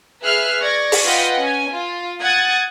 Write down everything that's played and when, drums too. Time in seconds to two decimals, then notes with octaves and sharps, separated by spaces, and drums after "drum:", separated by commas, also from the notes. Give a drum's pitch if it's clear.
0.22 G#4 B4 E5 F6 F#6 C7
0.62 D5 C#6 G#6 A#6
0.92 drum: open hi-hat
1.03 F4 B4 D#5 F#5 G5
1.40 C#4 G#5
1.70 F4
2.21 F#5 D#6 F#6 G#6 A6